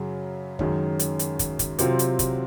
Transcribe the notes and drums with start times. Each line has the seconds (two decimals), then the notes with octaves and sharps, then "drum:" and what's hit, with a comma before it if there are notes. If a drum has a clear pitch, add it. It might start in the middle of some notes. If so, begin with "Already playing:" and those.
Already playing: F#2 C#3 F#3
0.59 F#2 D#3 G#3 C#4, drum: kick
0.99 drum: hi-hat
1.19 drum: hi-hat
1.39 drum: kick, hi-hat
1.59 drum: kick, hi-hat
1.79 C3 F#3 C4 F4, drum: hi-hat
1.99 drum: hi-hat
2.19 drum: kick, hi-hat